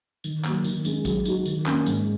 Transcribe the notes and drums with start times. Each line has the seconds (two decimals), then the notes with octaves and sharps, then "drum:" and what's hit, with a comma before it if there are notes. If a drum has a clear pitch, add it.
0.24 D#3, drum: tambourine
0.44 F#3 A#3, drum: clap
0.64 D#3, drum: tambourine
0.85 G#3 C#4 G#4, drum: tambourine
1.05 F#3, drum: kick, tambourine
1.25 D#4 F#4, drum: tambourine
1.46 D#3, drum: tambourine
1.66 A#3 C#4, drum: clap
1.86 G#2, drum: tambourine